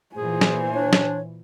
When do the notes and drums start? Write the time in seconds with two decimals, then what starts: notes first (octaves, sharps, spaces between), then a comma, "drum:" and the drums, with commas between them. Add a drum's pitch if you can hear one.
0.16 A#2 E3 G#4 C5 G#5
0.41 drum: snare
0.74 D4 C#5
0.93 drum: snare